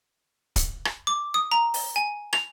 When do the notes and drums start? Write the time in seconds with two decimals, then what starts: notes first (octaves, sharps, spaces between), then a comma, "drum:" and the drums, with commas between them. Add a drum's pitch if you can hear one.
0.56 drum: kick C#1, hi-hat
0.85 drum: rim click
1.07 D6
1.34 D#6
1.52 A#5
1.74 drum: open hi-hat
1.96 G#5
2.33 F7, drum: rim click